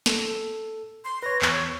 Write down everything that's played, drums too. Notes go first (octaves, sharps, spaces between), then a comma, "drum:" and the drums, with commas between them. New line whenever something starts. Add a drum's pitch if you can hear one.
A4, drum: snare
C6
B4 C#5 A#6
E2 C#5, drum: clap